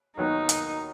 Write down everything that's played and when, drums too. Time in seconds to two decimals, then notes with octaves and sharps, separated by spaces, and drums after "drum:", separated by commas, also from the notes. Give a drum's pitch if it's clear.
0.17 D#2 D#3 F#3 B3 D#4
0.49 drum: hi-hat